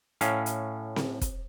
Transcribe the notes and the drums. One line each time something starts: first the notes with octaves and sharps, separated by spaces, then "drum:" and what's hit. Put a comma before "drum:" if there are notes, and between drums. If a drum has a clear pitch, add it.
A2 C#4 F5, drum: hi-hat
drum: hi-hat
drum: snare C4
drum: kick, hi-hat